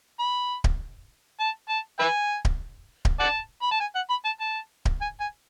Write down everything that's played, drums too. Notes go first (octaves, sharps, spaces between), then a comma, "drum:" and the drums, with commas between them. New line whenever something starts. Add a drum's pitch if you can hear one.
B5
drum: kick D1
A5
A5
B4 E5 G#5
drum: kick D1
drum: kick D1
D5 F#5 A5
B5
A5
G#5
F#5
B5
A5
A5
drum: kick D1
G#5
G#5